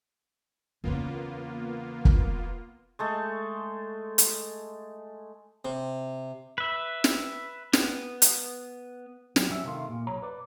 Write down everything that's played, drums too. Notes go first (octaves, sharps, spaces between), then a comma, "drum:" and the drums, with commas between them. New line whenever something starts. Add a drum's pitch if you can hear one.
E2 C#3 A#3 B3 F4
drum: kick
G#3 A3 A4
drum: hi-hat
C3
B4 E5
drum: snare
B3, drum: snare
drum: hi-hat
F#3, drum: snare
F#3 C#4 E5
C3 D#3 A3 F4
A#2
B1 C#5 A#5
B4 D5